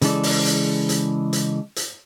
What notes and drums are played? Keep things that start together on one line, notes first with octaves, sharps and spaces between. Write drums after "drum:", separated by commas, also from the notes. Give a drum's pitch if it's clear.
C#3 E3 G#3 A4 D5, drum: hi-hat
drum: open hi-hat
drum: hi-hat
drum: hi-hat
drum: hi-hat
drum: hi-hat